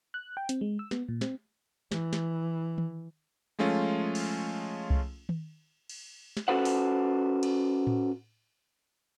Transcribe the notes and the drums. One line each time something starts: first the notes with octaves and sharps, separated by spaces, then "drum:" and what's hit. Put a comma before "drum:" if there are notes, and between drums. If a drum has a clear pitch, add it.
F#6
G5
C4, drum: hi-hat
G#3
E6
B3, drum: snare
A#2
C4, drum: snare
E3, drum: snare
drum: snare
drum: tom D#3
F3 G#3 A3 C#4 F4
drum: cymbal
drum: kick C2
drum: tom D#3
drum: cymbal
drum: snare
C#4 F#4 A4 B4 C5 F#5
drum: open hi-hat
drum: cymbal
drum: tom A2